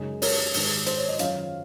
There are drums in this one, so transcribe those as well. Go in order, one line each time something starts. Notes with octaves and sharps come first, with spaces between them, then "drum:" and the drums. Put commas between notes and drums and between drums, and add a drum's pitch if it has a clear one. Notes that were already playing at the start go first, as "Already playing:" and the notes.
Already playing: F#2 C#3 G#3 D#4 G#4
A#4 C#5, drum: open hi-hat
G#2 D#3 G#3, drum: open hi-hat
C5, drum: hi-hat
C#5
D#5
F#2 D#3 F#3 C#4 F4 C#5 F5, drum: hi-hat